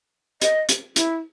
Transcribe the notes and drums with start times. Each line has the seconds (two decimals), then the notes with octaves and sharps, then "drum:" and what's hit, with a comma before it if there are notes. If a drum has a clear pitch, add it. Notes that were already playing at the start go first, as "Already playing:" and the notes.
0.42 D#5, drum: hi-hat
0.69 drum: hi-hat
0.96 E4, drum: hi-hat